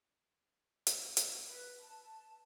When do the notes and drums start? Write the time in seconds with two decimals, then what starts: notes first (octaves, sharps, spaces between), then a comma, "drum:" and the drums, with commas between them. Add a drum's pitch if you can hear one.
0.87 drum: hi-hat
1.17 drum: hi-hat
1.47 B4
1.80 A5